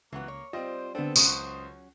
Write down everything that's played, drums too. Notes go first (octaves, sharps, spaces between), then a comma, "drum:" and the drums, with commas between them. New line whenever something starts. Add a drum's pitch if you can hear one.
C#2 E3 F#3 A#3 B3
C#5
G3 C4 F4 C5 D#5
D3 B3 C4 D4 A4
C#2 F#3 C#4 C5 D#6, drum: tambourine